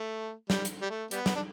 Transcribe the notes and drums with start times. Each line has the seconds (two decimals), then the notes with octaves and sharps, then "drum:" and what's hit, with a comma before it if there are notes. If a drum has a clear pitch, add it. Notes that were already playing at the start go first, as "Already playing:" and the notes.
Already playing: A3
0.50 G3, drum: snare
0.65 drum: hi-hat
0.82 G3
0.90 A3
1.11 G3 B3, drum: hi-hat
1.26 drum: snare
1.35 D4